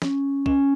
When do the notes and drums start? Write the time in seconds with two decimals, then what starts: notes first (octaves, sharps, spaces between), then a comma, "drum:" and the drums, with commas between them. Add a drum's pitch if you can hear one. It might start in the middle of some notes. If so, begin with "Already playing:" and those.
0.02 C#4, drum: snare
0.46 C#4, drum: kick